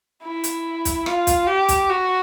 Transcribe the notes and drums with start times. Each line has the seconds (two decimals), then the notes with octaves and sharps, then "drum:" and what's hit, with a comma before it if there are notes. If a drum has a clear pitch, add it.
0.23 E4
0.44 drum: hi-hat
0.85 drum: kick, hi-hat
1.06 F4, drum: rim click
1.27 drum: kick, hi-hat
1.47 G4
1.68 drum: kick, hi-hat
1.90 F#4